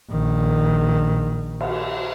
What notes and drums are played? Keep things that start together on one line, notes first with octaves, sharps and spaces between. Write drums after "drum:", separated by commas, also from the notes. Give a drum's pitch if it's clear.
A#1 D#3
drum: cymbal